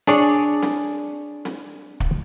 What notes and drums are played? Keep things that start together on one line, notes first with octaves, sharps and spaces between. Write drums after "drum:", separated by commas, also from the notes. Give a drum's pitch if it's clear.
D4 G#4 C#5 D5, drum: snare C4
drum: snare C4
drum: snare C4
drum: kick